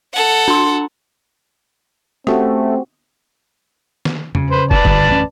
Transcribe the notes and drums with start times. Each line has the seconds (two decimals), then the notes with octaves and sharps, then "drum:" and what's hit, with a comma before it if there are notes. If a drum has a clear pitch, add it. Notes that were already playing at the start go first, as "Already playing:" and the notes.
0.14 A4 F#5
0.48 D4 C6
2.27 A3 C4 C#4 F#4 G4, drum: rim click
4.05 drum: snare
4.35 C#3, drum: tom
4.50 B4 C5
4.71 B4 D5 A5, drum: kick
4.85 G1, drum: kick
5.09 A1 F#2 C#4